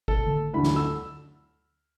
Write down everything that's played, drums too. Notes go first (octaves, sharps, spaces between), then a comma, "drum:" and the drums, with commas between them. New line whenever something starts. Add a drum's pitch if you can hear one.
A4, drum: kick G#1
drum: tom D3
D2 D3 A3 E4 B5
drum: snare
E6